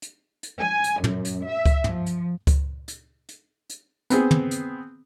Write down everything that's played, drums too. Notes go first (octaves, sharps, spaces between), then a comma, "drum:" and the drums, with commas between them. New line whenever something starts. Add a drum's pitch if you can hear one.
drum: hi-hat
drum: hi-hat
G#5
drum: hi-hat
F#2, drum: tom
drum: hi-hat
E5
drum: kick C#2, hi-hat
F3, drum: tom
drum: hi-hat
drum: kick C#2, hi-hat
drum: hi-hat
drum: hi-hat
drum: hi-hat
B3 C4 G#4, drum: hi-hat
drum: tom
drum: hi-hat